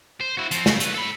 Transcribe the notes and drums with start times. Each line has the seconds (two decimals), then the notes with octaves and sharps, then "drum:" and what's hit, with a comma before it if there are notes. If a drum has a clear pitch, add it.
0.21 C5
0.37 E4 F#4
0.51 F3 C4, drum: hi-hat
0.66 C#3, drum: snare
0.80 A3 B4, drum: hi-hat
0.95 A4 B5